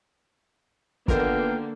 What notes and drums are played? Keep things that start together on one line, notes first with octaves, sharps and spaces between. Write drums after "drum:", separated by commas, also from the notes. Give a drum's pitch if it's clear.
D3 D#3 A#3 B3 F4 A#4 F5 G5, drum: kick